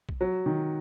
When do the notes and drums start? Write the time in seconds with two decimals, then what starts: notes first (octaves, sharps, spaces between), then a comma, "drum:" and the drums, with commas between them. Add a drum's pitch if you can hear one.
0.09 drum: kick A#1
0.21 F#3
0.46 D#3